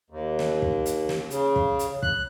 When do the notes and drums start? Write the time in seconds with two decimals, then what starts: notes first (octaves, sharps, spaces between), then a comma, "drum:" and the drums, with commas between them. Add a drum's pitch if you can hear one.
0.10 D#2
0.39 drum: snare
0.62 drum: kick
0.86 drum: hi-hat
1.09 drum: snare
1.30 C#3, drum: hi-hat
1.56 drum: kick
1.79 drum: hi-hat
2.03 F#6, drum: kick